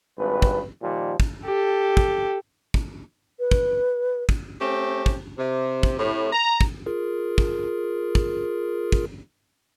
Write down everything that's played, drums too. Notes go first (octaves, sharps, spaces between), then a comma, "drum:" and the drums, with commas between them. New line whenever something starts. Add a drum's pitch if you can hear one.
G#1 G2 B4
drum: kick
A#2 D#3 F3 G3
drum: kick
G4 A4
drum: kick
drum: kick
B4
drum: kick
drum: kick
A3 C4 C#4 G4
drum: kick
C3
drum: kick
A2 C3
A#5
drum: kick
F4 G#4 A#4
drum: kick
drum: kick
drum: kick